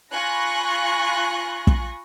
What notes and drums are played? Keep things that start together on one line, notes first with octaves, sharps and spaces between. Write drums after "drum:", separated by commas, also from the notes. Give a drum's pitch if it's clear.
F4 G#5 B5 C#6 F#6 A#6
drum: kick